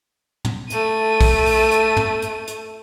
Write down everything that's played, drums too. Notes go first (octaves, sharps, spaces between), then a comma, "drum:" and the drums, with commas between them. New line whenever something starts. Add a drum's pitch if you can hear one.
drum: tom
A3 D#7, drum: hi-hat
drum: kick, open hi-hat
drum: open hi-hat
drum: hi-hat
drum: tom
drum: hi-hat
drum: hi-hat